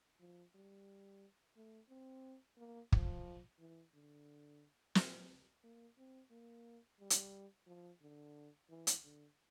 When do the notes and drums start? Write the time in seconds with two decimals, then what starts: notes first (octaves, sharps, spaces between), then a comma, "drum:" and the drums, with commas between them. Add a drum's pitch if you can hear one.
0.20 F3
0.55 G3
1.57 A3
1.89 C4
2.57 A#3
2.92 F3, drum: kick
3.59 E3
3.94 D3
4.95 A#2, drum: snare
5.64 A#3
5.98 C4
6.31 A#3
6.99 G3
7.10 drum: hi-hat
7.67 F3
8.01 D3
8.70 E3
8.87 drum: hi-hat
9.04 D3